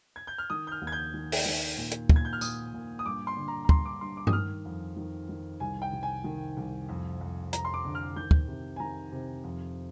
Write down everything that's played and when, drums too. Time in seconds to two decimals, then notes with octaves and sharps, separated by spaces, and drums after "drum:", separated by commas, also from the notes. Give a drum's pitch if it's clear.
0.16 G#6
0.27 G6
0.38 F6
0.50 D#3 D#6
0.67 G6
0.72 F6
0.81 D#2
0.87 G#6
0.92 G6
1.14 D#3
1.32 drum: open hi-hat
1.46 D#3
1.77 A#2
1.91 drum: hi-hat
2.10 A#2, drum: kick
2.16 G#6
2.25 G6
2.33 F6
2.41 A#2 D#6, drum: tambourine
2.74 A#2
2.99 D#6
3.06 G2 D6
3.27 C6
3.37 D3
3.48 A#5
3.65 A#5
3.69 G2 C6, drum: kick
3.85 D6
4.01 G2 C6
4.17 D6
4.27 D#6, drum: tom G2
4.33 D#3 F6
4.65 F2
4.97 D#3
5.29 D#3
5.60 C2 G#5
5.82 G5
5.93 C2
6.03 G#5
6.24 D#3
6.57 C2
6.89 F2
7.21 F2
7.53 F2 A#5, drum: hi-hat
7.65 C6
7.74 D6
7.85 D3
7.95 F6
8.16 D#3 G6
8.31 drum: kick
8.48 C3
8.76 G#5
8.80 D#3 A#5
9.12 C3
9.44 F2